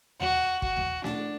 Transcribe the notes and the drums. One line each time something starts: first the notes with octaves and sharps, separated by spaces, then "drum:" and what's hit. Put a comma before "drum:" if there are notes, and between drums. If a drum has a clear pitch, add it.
F#4, drum: tom D#2
F#4, drum: kick
drum: tom D#2
D4, drum: snare